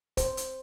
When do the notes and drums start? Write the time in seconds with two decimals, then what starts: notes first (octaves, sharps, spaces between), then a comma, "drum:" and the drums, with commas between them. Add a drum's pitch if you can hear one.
0.17 C5, drum: kick, hi-hat
0.37 drum: hi-hat